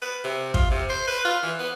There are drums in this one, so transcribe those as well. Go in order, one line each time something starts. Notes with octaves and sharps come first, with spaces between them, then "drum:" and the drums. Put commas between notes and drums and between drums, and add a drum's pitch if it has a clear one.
B4
C3
F4, drum: kick
C3
C5
B4
F4
E3
B3